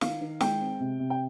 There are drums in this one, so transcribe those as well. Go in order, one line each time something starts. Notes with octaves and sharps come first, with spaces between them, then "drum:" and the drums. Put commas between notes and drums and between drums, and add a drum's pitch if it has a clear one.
D#3 F5, drum: snare
D#3
G#3 G5, drum: snare
C4
C3
C3
G5